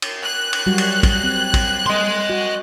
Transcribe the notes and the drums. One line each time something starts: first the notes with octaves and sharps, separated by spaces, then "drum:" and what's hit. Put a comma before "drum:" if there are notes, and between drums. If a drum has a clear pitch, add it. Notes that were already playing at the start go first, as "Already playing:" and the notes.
drum: cymbal
F#6
drum: cymbal
F#3 G3 F#4
drum: cymbal
drum: kick, cymbal
C4
drum: kick, cymbal
D#5 C6
F#4